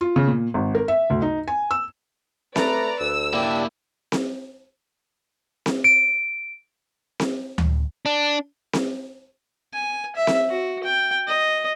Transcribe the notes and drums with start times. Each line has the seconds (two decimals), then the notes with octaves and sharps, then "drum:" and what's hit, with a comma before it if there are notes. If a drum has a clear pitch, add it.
0.01 F4
0.16 C#3
0.28 A#2
0.54 G#1
0.75 A#4
0.88 E5
1.10 D2
1.22 D#4
1.48 G#5
1.71 E6
2.56 A3 B4 D5 A#5, drum: snare C4
3.00 D2 E6
3.34 A#3 D4 E4 G4 D5
4.12 drum: snare C4
5.66 drum: snare C4
5.84 D7
7.20 drum: snare C4
7.58 drum: tom D2
8.06 D4
8.73 drum: snare C4
9.73 G#5
10.16 E5
10.27 drum: snare C4
10.49 F#4
10.83 G5
11.27 D#5